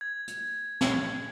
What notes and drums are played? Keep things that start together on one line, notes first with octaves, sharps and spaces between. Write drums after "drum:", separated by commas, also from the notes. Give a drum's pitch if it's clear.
G#6
drum: hi-hat
drum: snare